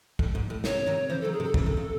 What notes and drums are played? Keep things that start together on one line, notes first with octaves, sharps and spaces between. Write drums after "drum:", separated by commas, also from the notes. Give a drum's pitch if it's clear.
A2, drum: kick
G#2
A2
C3 C#5, drum: snare
C3 D#3
C#3 E3 C5
D#3 F#3 A4
G#4
C3 D#3
A4
C#3 E3, drum: kick
C3 D#3
C#3